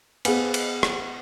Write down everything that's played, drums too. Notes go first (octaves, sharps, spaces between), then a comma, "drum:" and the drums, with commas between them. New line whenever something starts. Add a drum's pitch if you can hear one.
B3 G#4 C5 F5 G#5, drum: cymbal
drum: cymbal
drum: rim click